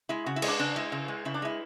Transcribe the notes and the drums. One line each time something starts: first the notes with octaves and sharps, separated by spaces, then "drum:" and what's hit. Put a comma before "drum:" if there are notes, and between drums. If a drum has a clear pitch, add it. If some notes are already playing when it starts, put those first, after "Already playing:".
G#3 E4
C#3 F#4
E4
G#3, drum: cymbal
D4
C#3 D4
G#3 E4
C#3
G#3
C#3 E4
D4
G#3 E4